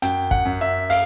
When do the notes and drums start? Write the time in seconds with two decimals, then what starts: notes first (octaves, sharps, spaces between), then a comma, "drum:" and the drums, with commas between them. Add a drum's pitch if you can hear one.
0.02 F#2 G5, drum: hi-hat
0.31 F#5, drum: kick
0.45 F#2
0.61 E5
0.90 F5, drum: open hi-hat